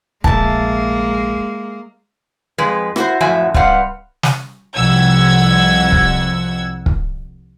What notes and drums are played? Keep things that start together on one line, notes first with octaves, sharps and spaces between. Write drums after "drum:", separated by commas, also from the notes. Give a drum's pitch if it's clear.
F1 A#1 F2 G#3 A#3 E5 A5, drum: kick
F2 G#3 B4
E4 F#4 C5, drum: rim click
F#2 A2 F3 F#4 E5 G#5
G3 C4 B4 F5 F#5, drum: kick
drum: snare
C2 F2 F#5 E6 G#6
drum: kick
drum: kick